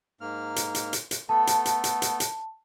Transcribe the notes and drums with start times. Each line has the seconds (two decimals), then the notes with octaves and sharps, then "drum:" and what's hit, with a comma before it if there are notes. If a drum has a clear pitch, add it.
0.21 G#2 A#3 F6
0.56 drum: hi-hat
0.75 drum: hi-hat
0.93 drum: hi-hat
1.11 drum: hi-hat
1.29 A3 B3 A4 A5
1.47 drum: hi-hat
1.65 drum: hi-hat
1.84 drum: hi-hat
2.02 drum: hi-hat
2.20 drum: hi-hat